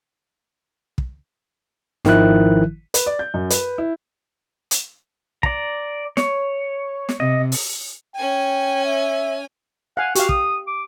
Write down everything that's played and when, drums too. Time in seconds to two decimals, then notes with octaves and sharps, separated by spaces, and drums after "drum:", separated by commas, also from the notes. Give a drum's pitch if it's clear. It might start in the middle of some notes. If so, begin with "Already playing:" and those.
0.98 drum: kick
2.05 G#1 D#3 F3 E4 F#6, drum: snare
2.94 B4, drum: hi-hat
3.06 D5
3.19 G6
3.34 F#2
3.50 B4, drum: hi-hat
3.78 E4
4.71 drum: hi-hat
5.43 D5 A#5, drum: kick
6.17 C#5, drum: snare
7.09 drum: snare
7.20 C3 D#5
7.52 drum: open hi-hat
8.16 C#4 G5 G#5
8.85 E5
9.97 F5 F#5 G#5
10.15 F#4 G4 F5, drum: hi-hat
10.29 D#6, drum: kick
10.67 D6